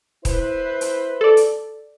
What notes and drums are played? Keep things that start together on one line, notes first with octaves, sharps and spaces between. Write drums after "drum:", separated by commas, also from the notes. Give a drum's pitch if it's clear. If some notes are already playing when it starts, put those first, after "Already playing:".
E4 B4 C5, drum: kick D#1, hi-hat
drum: hi-hat
A4 D5
drum: hi-hat